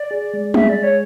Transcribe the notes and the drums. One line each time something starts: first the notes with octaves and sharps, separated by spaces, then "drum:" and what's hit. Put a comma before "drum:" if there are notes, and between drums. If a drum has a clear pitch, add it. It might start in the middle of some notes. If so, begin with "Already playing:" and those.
Already playing: D5
G#4
G#3
G#4 E5, drum: tom
D5
G#3
C#5